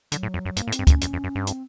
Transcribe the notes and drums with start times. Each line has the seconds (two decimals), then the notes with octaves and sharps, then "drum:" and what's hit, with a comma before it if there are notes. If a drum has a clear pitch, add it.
0.12 D3 F#3, drum: hi-hat
0.23 A2
0.34 F2
0.45 F#2
0.57 G2 A#3, drum: hi-hat
0.67 A2
0.72 C4, drum: hi-hat
0.79 G2
0.87 F#2 C#4, drum: kick, hi-hat
1.01 F2, drum: hi-hat
1.13 F2
1.24 F#2
1.35 G2
1.47 C4, drum: hi-hat